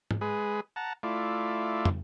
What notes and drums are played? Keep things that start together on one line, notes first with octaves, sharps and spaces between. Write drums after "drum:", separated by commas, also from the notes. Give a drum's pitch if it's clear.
drum: tom
G#3 G#4 B4
F#5 A5 A#5
A3 E4 F4 D5
drum: tom